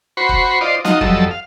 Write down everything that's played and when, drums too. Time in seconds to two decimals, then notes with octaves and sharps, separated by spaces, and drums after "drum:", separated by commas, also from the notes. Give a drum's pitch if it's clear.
0.17 F#4 C5 B5 C#6
0.29 drum: kick
0.61 F4 C5 D5 D#5
0.85 D#4 F4 F#4 D#5, drum: snare
1.01 F2 F#3 G3 A4 D#5 E6, drum: kick
1.31 F5